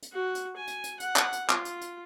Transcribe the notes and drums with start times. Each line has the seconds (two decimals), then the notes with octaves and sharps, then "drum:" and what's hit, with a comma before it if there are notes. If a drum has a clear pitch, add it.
0.02 drum: hi-hat
0.13 F#4
0.35 drum: hi-hat
0.57 G#5
0.67 drum: hi-hat
0.84 drum: hi-hat
1.00 F#5, drum: hi-hat
1.16 drum: clap
1.32 drum: hi-hat
1.50 F4, drum: clap
1.65 drum: hi-hat
1.81 drum: hi-hat